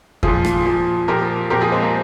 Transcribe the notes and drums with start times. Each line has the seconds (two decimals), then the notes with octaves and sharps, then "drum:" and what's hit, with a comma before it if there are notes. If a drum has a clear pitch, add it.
0.23 F3 F4 G#4, drum: kick E2
0.28 A#2
0.45 drum: rim click
0.65 A#2 F3
1.08 A#2 F3 G4 A#4
1.50 A#2 F3 G4 A#4
1.61 F4 G#4
1.72 G#3 C4
1.83 A#3